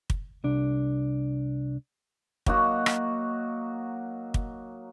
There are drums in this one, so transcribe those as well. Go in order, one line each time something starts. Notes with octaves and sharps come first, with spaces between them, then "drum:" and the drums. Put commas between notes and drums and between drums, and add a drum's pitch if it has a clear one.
drum: kick
C2 D4
F#3 A#3 D#4 F#4, drum: kick
drum: rim click
drum: kick